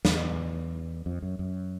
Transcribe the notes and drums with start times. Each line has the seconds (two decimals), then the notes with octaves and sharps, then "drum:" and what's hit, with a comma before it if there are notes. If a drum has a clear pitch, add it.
0.05 E2, drum: snare
1.06 F2
1.22 F#2
1.39 F#2